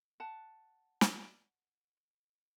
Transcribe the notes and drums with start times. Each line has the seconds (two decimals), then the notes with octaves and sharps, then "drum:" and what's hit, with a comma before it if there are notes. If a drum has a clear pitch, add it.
0.20 F#5 A5
1.01 drum: snare